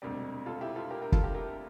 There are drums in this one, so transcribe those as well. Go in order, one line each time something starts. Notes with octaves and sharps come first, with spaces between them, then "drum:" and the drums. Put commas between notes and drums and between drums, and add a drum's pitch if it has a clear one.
E1 D2 C3 G3
F4 A4
E4 G4
F4 A4
G4 A#4
G4 A#4
F4 A4, drum: kick
G4 A#4
G4 A#4